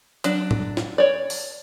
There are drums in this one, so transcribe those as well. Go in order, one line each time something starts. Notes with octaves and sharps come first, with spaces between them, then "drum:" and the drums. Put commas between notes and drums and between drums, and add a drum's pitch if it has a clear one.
F#3 D4, drum: hi-hat
drum: tom A2
drum: snare
C#5 D5
drum: open hi-hat